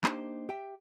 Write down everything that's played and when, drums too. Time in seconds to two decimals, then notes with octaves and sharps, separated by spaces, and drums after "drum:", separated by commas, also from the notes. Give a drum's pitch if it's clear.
0.04 A#3 D4 D#4 G4 C5, drum: clap
0.49 G4 E5 G5